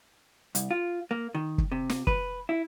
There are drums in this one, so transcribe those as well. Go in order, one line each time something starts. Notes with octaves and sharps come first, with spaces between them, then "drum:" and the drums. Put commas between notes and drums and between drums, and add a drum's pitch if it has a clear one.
C2, drum: hi-hat
F4
A#3
D#3
drum: kick
C3
drum: snare
B4, drum: kick
E4